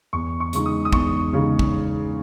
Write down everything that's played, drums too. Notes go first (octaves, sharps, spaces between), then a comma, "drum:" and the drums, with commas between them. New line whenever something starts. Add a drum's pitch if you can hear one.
E2 C#6
C#6
C#3 G#3 D#4 C#6, drum: hi-hat
D#6
D#6
E2 C#6, drum: kick
C#3 G#3 D#4
drum: kick